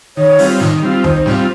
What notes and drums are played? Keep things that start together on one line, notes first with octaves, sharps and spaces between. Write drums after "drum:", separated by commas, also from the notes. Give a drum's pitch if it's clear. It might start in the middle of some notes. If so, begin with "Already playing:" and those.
D#3 C#5
G3 C4 F4, drum: open hi-hat
D#3, drum: snare
G3 C4 F4
D#3 C5, drum: tom D#2
G3 C4 F4, drum: snare